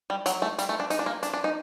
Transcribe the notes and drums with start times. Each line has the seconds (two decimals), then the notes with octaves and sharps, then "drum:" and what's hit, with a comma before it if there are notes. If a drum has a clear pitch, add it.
0.10 G3
0.26 F#3, drum: hi-hat
0.42 A3
0.59 G3, drum: hi-hat
0.69 A3
0.80 D4
0.90 D#4, drum: hi-hat
0.99 D4
1.06 A#3
1.23 D4, drum: hi-hat
1.33 D4
1.44 D#4